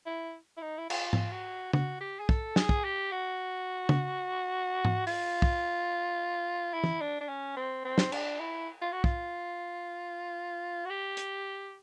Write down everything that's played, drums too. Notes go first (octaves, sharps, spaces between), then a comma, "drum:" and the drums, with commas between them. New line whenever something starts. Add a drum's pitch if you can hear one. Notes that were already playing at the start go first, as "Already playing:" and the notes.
E4
E4
D#4
E4
F4, drum: cymbal
drum: tom G#2
F#4
F#4, drum: tom
G4
G#4
A4, drum: kick
G#4, drum: snare
drum: kick
G4
F#4
drum: tom
drum: tom G#2
F4, drum: open hi-hat
drum: kick
E4
drum: tom
D4
D4
C#4
C4
C4
drum: snare
D4, drum: cymbal
E4
F4
F#4
F4, drum: kick
F#4
G4
drum: hi-hat